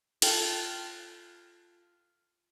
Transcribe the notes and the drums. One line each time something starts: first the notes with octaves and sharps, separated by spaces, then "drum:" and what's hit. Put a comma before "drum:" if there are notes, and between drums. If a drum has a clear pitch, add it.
F4 A4 G5, drum: cymbal